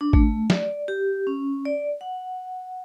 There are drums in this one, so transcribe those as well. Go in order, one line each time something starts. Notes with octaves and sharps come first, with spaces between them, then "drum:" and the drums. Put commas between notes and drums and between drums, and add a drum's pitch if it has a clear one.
D4
A3, drum: kick
D5, drum: snare
G4
C#4
D5
F#5